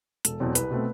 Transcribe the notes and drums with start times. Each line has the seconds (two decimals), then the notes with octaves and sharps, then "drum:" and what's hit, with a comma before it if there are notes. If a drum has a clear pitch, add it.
0.25 E1 A4, drum: hi-hat
0.40 E2 B2 F#3 C4
0.55 C2 B4, drum: hi-hat
0.71 B2 A3 C4